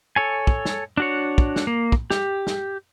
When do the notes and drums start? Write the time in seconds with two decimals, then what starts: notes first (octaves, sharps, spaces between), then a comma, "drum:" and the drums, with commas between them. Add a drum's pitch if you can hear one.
0.16 A4 C#5 G#5
0.47 drum: kick
0.65 drum: snare
0.97 D4 F#4 C#5
1.38 drum: kick
1.56 drum: snare
1.67 A#3
1.92 drum: kick
2.10 G4, drum: snare
2.47 drum: snare